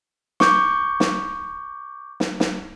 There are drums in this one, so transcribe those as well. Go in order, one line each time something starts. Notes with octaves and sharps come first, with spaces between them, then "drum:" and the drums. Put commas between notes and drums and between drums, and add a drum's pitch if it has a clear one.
C#6 D6 G6, drum: snare
drum: snare
drum: snare
drum: snare